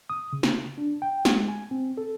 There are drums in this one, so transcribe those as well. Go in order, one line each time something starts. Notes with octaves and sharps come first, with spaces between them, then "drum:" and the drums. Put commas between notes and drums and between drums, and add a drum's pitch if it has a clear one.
D#6
C#3
drum: snare
D4
G5
G#3, drum: snare
G#5
C4
A4